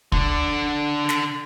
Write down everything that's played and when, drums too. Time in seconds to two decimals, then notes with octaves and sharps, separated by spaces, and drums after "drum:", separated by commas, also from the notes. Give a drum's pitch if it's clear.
0.12 D3 D4, drum: kick
1.09 drum: snare